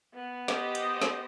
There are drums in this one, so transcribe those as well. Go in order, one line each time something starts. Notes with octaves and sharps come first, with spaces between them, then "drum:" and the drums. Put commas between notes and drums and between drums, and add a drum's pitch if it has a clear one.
B3
G4 C5 D#5, drum: snare
drum: hi-hat
drum: snare